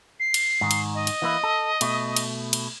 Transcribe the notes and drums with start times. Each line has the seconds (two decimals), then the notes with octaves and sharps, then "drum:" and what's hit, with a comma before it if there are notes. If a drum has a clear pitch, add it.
0.20 C7
0.34 drum: cymbal
0.61 G#2 D#3
0.71 drum: cymbal
0.95 D#5
1.07 drum: cymbal
1.22 E3 A#3 E4
1.44 A4
1.81 B2 A3, drum: cymbal
2.16 drum: cymbal
2.53 drum: cymbal